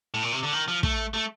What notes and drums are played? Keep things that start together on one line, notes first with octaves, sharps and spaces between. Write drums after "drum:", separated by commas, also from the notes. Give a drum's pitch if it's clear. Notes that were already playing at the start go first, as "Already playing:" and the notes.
A2
A#2
C3
D3
D#3
F3
A3, drum: kick
A3